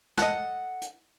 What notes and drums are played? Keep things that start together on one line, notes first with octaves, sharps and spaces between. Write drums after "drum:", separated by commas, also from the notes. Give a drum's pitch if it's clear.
A4 D#5 F#5, drum: snare
drum: hi-hat